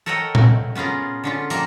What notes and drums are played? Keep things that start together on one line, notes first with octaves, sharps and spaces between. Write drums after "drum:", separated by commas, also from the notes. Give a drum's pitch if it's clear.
A4 A#4 C#5 D#5 F#5 G5
drum: tom A#2
B3 C#4 F4 G#4 A#4
D3 C#4 F4
F3 G3 A#3 A#4, drum: hi-hat